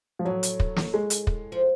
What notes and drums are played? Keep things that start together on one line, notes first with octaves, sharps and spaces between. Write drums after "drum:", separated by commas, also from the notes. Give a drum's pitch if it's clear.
F3
A2 F#3
drum: hi-hat
drum: kick
drum: snare
G#3
drum: hi-hat
drum: kick
F3